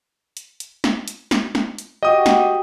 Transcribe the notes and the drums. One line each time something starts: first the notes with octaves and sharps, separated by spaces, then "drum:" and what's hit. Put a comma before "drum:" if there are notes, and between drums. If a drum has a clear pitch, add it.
drum: hi-hat
drum: hi-hat
drum: snare
drum: hi-hat
drum: snare
drum: snare
drum: hi-hat
F#4 G4 D#5 D#6
G4 B5, drum: snare